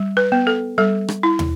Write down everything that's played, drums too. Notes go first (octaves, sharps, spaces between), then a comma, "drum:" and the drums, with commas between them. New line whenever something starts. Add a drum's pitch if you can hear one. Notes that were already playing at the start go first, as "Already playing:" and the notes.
Already playing: G3
B4
B3
A4
G3 A4
drum: rim click
E4
drum: tom